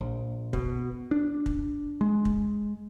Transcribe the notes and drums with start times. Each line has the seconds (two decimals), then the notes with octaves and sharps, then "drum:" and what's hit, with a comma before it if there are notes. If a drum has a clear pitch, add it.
0.01 A#1
0.53 B2, drum: kick
1.11 D4
1.46 drum: kick
2.01 G#3
2.25 drum: kick